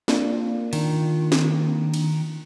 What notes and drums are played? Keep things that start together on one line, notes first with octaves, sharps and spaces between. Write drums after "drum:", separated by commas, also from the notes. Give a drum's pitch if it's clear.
A#3 D4 F4, drum: snare
D#3, drum: cymbal
drum: snare
drum: cymbal